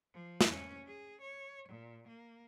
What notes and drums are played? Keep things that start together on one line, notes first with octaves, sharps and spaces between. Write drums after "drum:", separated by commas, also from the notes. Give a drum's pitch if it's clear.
F3
drum: snare
C#4
G#4
C#5
A#2
A#3